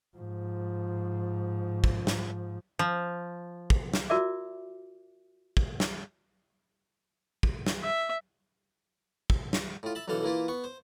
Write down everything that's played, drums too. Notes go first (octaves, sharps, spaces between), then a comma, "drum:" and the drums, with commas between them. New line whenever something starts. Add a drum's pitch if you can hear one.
G#2 F3
drum: kick
drum: snare
F3
drum: kick
drum: snare
F4 F#4 A#4 D5 E5 D6
drum: kick
drum: snare
drum: kick
drum: snare
E5
drum: kick
drum: snare
A2 F4
E5 A5 B5
B1 D3 E3 A4 F5
E3 A#3 E4 F4
B3 C#6
C5